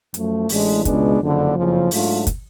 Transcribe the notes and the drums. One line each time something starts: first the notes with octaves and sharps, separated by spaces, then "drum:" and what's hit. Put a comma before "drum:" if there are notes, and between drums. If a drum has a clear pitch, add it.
F#2 F3 A3, drum: hi-hat
A1 A2 G#3 D4, drum: open hi-hat
C#2 B2 G#3 B3 D4, drum: kick, hi-hat
F#1 F2 D3
F#1 F2 C#3 F3
G#2 F#3 A3 D4 F4, drum: open hi-hat
drum: kick, hi-hat